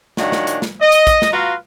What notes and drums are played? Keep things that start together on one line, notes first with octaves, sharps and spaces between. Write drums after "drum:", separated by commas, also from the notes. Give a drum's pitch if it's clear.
A#2 D#3 D4 F#4 C#5 F#5, drum: snare
drum: snare
drum: hi-hat
drum: snare
D#5
drum: hi-hat
drum: kick, hi-hat
drum: snare
F4 F#4 B4 F5 A#5 C6